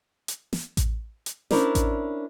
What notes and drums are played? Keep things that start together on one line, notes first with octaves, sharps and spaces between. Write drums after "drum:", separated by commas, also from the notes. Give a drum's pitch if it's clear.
drum: hi-hat
drum: snare
drum: kick A1, hi-hat
drum: hi-hat
C#4 D4 E4 A#4 C5 D5, drum: snare
drum: kick A1, hi-hat